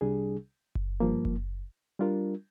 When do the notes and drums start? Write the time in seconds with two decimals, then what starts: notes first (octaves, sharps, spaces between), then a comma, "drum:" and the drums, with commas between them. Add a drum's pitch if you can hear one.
0.01 C2 C3 G3 D4 G#4
0.75 drum: kick F#1
1.00 G2 F3 A#3
1.25 drum: kick F#1
1.99 G3 D4 F4 A#4